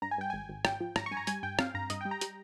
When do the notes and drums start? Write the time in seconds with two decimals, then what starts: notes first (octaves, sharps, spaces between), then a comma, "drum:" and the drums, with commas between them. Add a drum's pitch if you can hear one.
0.02 G2 A#5
0.11 G#5
0.18 G2 G5
0.30 G#1 G#5
0.49 G#1
0.65 G#1 G5, drum: rim click
0.80 F3
0.96 G#1 A#5, drum: rim click
1.06 C#6
1.11 G2 G#5
1.17 A#5
1.27 G3 G#5, drum: hi-hat
1.43 G2 G5
1.59 C4 F5, drum: rim click
1.74 G2 A#5
1.90 G2 D#5, drum: hi-hat
2.01 G5
2.05 G3
2.11 A#5
2.21 G3, drum: hi-hat